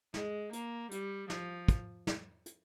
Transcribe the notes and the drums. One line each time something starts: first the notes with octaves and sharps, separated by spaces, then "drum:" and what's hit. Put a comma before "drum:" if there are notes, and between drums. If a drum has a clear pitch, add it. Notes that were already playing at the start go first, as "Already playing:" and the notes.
G#3, drum: snare
A#3, drum: hi-hat
G3, drum: hi-hat
F3, drum: snare
drum: kick, hi-hat
drum: snare
drum: hi-hat